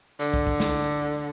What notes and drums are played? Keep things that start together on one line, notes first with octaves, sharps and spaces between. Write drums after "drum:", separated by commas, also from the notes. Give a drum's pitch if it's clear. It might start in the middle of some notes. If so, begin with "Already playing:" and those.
D3, drum: hi-hat
drum: kick
drum: kick
drum: snare